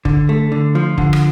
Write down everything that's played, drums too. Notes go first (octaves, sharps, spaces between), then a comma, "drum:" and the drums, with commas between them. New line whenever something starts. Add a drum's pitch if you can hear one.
D3, drum: kick
A3
D3
F3
D3, drum: kick
drum: rim click